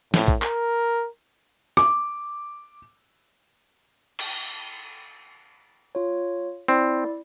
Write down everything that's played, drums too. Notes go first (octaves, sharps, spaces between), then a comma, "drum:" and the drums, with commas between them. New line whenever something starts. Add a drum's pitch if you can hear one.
A2, drum: snare
drum: kick A#1
A#4, drum: clap
D6, drum: rim click
drum: cymbal
F4 C#5
C4 E4 D5